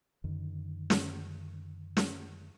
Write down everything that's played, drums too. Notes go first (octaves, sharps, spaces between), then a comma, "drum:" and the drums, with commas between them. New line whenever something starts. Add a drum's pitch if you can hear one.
F#2 D3 D#3
drum: snare
drum: snare